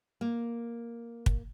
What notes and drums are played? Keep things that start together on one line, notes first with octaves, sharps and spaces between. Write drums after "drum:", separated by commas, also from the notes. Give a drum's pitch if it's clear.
A#3
drum: kick